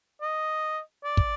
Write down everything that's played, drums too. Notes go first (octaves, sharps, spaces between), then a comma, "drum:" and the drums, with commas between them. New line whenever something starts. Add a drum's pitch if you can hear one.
D#5
D5
drum: kick